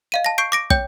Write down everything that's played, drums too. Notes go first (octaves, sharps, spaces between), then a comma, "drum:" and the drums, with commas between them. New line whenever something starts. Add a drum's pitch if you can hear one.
D#5 F5 D#7
A5 A#6
C#6 G6 C7 D7
D6 A#6 D7
C#5 G5 G6, drum: kick